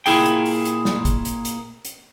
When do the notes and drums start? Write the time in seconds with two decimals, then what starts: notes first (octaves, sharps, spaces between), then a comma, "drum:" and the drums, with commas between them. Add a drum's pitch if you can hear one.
0.06 A#2 E4 G#4 G5, drum: open hi-hat
0.26 drum: hi-hat
0.45 drum: open hi-hat
0.65 drum: hi-hat
0.85 drum: snare
1.05 drum: kick, hi-hat
1.25 drum: hi-hat
1.45 drum: hi-hat
1.85 drum: hi-hat